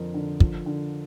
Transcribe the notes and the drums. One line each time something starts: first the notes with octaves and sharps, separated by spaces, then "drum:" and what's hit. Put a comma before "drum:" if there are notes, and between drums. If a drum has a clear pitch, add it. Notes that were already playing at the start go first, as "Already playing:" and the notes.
Already playing: F2 D3 F3 A#4
D3
F3, drum: kick
D3